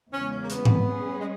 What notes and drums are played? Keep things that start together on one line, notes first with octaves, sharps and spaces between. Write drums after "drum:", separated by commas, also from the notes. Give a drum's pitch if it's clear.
E2 C#3 G#3 C#4
C#4
A#3
B3, drum: hi-hat
drum: tom G#2
G3 C#4 G#4
G#3